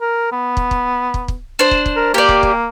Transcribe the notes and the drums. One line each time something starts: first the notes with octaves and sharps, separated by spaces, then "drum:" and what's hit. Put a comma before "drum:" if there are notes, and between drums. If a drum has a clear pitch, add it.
A#4
B3
drum: kick
drum: kick
drum: kick
drum: kick
D4 C5
drum: kick
drum: kick
A#4
A#3 G4 D5
drum: kick
drum: kick